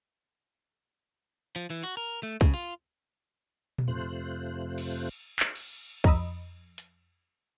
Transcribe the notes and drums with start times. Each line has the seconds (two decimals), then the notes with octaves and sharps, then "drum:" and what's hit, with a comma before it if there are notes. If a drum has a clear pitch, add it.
1.56 F3
1.70 E3
1.83 F#4
1.97 A#4
2.23 A3
2.41 C#3, drum: kick
2.54 F4
3.78 drum: tom A#2
3.88 F2 C3 A3 F4 C5 F#6
4.78 drum: cymbal
5.40 drum: clap
5.55 drum: cymbal
6.04 F2 D#5 A#5 B5 D#6 E6, drum: kick
6.78 drum: hi-hat